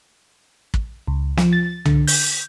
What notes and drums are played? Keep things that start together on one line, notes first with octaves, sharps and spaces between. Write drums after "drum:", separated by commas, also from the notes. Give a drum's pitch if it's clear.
drum: kick
C#2
F3, drum: snare
A6
D3, drum: tom C2
G6, drum: open hi-hat